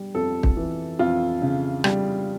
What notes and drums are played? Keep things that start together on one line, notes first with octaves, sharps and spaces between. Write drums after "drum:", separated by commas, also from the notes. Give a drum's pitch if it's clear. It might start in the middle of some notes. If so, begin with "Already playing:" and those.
Already playing: G3
F2 A4
drum: kick
E3
F2 F4
C#3
G3, drum: rim click